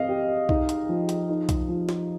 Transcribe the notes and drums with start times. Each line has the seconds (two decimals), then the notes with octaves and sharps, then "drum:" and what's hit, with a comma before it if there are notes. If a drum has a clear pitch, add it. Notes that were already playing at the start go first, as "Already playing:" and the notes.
Already playing: C4 D#5 F5
0.09 G4
0.49 D#4, drum: kick B1
0.69 drum: hi-hat
0.89 F3
1.09 drum: hi-hat
1.29 D#4
1.49 drum: kick B1, hi-hat
1.68 F3
1.89 drum: snare